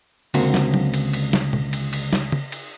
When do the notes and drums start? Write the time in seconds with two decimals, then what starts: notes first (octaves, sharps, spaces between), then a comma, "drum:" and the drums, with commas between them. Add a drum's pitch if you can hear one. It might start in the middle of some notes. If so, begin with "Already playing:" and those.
0.34 C#2 D3 A#3 C4 F#4, drum: cymbal
0.54 drum: snare
0.74 drum: tom F#3
0.94 drum: cymbal
1.13 drum: cymbal
1.33 drum: snare
1.53 drum: tom
1.73 drum: cymbal
1.93 drum: cymbal
2.13 drum: snare
2.32 drum: tom
2.52 drum: cymbal